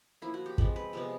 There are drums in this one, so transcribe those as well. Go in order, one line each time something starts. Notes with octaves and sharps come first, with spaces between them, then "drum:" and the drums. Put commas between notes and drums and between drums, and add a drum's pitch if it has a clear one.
F3 A#3 E4
F#4
G4
F3 G#3 C4 B4, drum: kick
B4
C3 F3 G#3 B3 A#4